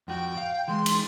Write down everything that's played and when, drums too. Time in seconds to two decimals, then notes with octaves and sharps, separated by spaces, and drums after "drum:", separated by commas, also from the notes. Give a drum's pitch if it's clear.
0.08 F2 F#4 G5
0.37 F5
0.68 E3 G#3 C6
0.86 drum: cymbal